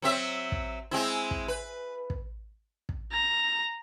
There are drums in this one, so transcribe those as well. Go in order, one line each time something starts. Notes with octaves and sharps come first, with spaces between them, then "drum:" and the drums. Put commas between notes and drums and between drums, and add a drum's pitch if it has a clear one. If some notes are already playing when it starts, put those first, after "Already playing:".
F#3 C4 E5
drum: kick
G#3 C4 E4
drum: kick
B4
drum: kick
drum: kick
A#5